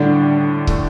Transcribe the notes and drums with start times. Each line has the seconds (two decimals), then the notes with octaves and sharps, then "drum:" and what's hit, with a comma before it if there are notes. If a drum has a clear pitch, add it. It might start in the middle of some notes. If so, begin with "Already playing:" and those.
Already playing: A2 D3 G3 D4
0.67 A2 A3 D4, drum: kick